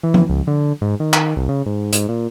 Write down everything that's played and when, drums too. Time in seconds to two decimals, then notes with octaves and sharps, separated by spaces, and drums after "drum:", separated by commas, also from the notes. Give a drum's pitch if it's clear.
0.03 E3
0.14 drum: tom F3
0.29 C#2
0.47 D3
0.81 G#2
1.00 D#3
1.13 drum: clap
1.37 C2
1.49 C#3
1.66 G#2
1.93 G#2, drum: hi-hat
2.09 A#2